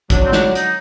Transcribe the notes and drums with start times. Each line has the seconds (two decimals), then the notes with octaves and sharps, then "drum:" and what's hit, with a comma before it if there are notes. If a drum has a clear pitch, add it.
0.10 D3 F#3 D4, drum: kick, hi-hat
0.25 C4
0.33 D4, drum: snare
0.55 D#4, drum: hi-hat